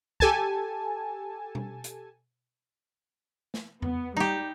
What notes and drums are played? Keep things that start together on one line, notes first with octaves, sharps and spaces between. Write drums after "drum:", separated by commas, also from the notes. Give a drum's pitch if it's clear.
G4 A4 G#5 A5, drum: kick
drum: tom B2
drum: hi-hat
drum: snare
B3, drum: tom E2
G3 D#4 G4